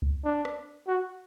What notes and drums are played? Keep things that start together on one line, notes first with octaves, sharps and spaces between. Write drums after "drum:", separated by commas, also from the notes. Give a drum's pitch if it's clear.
drum: kick C#2
D4
drum: rim click
F#4